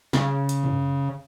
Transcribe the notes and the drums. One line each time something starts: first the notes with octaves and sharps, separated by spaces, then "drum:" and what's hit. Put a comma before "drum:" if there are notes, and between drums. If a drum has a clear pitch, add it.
C#3, drum: snare
drum: hi-hat
drum: tom F#2